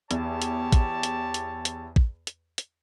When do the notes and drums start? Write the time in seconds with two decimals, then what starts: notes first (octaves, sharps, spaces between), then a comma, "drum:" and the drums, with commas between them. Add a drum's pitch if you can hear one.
0.11 E2 G4 C#5 A5, drum: hi-hat
0.42 drum: hi-hat
0.72 drum: kick, hi-hat
1.03 drum: hi-hat
1.34 drum: hi-hat
1.65 drum: hi-hat
1.96 drum: kick
2.27 drum: hi-hat
2.58 drum: hi-hat